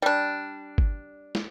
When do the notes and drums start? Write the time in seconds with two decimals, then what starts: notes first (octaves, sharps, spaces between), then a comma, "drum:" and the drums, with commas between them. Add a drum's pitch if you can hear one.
0.02 G3 D4
0.78 drum: kick G1
1.35 drum: snare